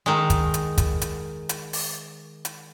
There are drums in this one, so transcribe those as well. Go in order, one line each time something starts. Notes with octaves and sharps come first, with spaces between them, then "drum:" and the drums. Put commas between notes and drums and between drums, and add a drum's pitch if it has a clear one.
D#3 G#3
drum: kick, hi-hat
drum: hi-hat
drum: kick, hi-hat
drum: hi-hat
drum: hi-hat
drum: open hi-hat
drum: hi-hat